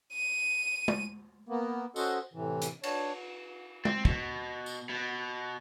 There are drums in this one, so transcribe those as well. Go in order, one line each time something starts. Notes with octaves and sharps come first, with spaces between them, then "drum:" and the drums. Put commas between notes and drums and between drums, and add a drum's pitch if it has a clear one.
D#7
drum: tom G#3
A#3 B3
C#4 F#4 A4 C5 D#5 F#5, drum: tambourine
A2 C3 E3
drum: hi-hat
D4 C#5, drum: cymbal
C4, drum: tom G#3
B2, drum: kick
drum: tambourine
B2